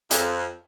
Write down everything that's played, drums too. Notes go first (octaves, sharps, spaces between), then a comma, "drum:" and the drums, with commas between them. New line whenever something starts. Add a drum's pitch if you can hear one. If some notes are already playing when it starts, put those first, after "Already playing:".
F2, drum: hi-hat